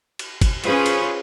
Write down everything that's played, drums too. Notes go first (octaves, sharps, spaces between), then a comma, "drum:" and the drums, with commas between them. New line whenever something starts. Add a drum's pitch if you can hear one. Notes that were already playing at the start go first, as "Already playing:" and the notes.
drum: cymbal
drum: kick G1, cymbal
C#4 F4 G#4 B4 C5, drum: cymbal
drum: cymbal